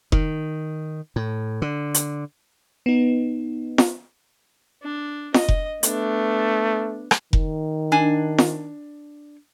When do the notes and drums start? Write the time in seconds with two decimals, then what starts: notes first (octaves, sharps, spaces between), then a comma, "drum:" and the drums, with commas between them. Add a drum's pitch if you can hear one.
0.12 D#3, drum: kick F1
1.16 A2
1.62 D3
1.94 drum: hi-hat
2.86 B3 D#4
3.78 drum: snare
4.83 D4
5.34 D#5, drum: snare
5.48 drum: kick F1
5.83 A3 B3 D4, drum: hi-hat
7.11 drum: rim click
7.33 D#3, drum: kick F1
7.92 D4 G#5
8.38 drum: snare